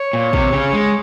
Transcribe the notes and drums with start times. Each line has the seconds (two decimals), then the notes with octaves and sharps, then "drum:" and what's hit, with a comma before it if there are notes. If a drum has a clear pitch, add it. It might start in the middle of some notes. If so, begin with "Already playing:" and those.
Already playing: C#5
0.13 A#2
0.33 C3, drum: kick
0.53 C#3
0.73 G#3